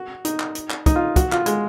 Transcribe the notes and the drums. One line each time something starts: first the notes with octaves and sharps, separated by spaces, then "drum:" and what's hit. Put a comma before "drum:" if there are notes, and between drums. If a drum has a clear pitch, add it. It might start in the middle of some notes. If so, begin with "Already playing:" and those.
Already playing: F#4
D#4, drum: hi-hat
drum: clap
drum: hi-hat
drum: clap
D#4, drum: kick, hi-hat
F4
F#4, drum: kick, hi-hat
F4, drum: clap
G#3, drum: hi-hat